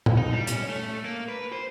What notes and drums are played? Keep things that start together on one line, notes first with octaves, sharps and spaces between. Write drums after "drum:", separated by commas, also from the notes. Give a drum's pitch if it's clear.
drum: tom A#2
D#4
G3
C#4, drum: hi-hat
A3
A#3
B4
C5